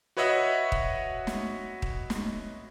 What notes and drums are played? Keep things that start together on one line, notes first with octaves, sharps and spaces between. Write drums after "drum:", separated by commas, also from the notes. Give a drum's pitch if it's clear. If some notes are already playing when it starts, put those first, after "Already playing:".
F#4 B4 C#5 D#5 E5 F#5
drum: kick D#1
drum: snare
drum: kick D#1
drum: snare